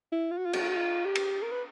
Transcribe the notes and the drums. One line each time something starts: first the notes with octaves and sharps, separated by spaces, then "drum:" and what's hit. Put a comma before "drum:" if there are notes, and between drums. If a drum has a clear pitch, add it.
E4
F4
F#4
F4
F#4, drum: cymbal
F4
F#4
F4
G4
drum: cymbal
A#4
B4